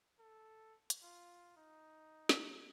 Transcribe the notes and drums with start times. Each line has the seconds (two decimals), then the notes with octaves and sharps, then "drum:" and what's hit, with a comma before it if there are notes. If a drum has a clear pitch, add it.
0.20 A4
0.90 drum: hi-hat
1.03 F4
1.57 D#4
2.29 drum: snare